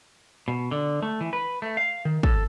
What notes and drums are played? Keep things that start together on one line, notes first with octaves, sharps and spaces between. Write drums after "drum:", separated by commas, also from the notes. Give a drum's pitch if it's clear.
B2
D3
A3
E3
B4
A3
F5
D#3
A4, drum: kick